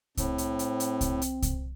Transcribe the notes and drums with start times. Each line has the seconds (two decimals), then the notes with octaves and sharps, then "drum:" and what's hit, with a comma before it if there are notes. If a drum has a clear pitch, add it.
0.17 A2 C4, drum: kick C2, hi-hat
0.38 drum: hi-hat
0.59 drum: hi-hat
0.80 drum: hi-hat
1.01 drum: kick C2, hi-hat
1.22 drum: hi-hat
1.42 drum: kick C2, hi-hat